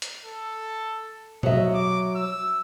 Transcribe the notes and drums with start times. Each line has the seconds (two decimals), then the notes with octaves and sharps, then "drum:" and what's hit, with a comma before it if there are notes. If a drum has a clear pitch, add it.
0.02 drum: hi-hat
0.25 A4
1.43 F#3 D#5 E5, drum: tom B2
1.74 D6
2.15 E6